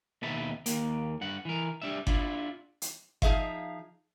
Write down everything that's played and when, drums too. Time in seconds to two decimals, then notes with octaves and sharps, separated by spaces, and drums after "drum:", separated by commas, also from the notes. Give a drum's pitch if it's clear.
0.23 D#2 B2 D#4 B4 E5 A5
0.66 D#2 A#3, drum: hi-hat
1.21 G2 F#5
1.45 E3 A#4
1.82 G3 D4 E5
2.07 D4 E4 F4, drum: kick G1
2.82 drum: hi-hat
3.22 F3 D#4 G#4 C5 E5 F5, drum: kick G1